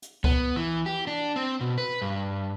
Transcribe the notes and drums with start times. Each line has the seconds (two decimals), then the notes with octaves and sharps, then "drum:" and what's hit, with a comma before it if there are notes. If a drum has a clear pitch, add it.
0.02 drum: hi-hat
0.24 B3, drum: kick C#2
0.56 E3
0.86 G4
1.07 D4
1.36 C4
1.61 B2
1.78 B4
2.02 G2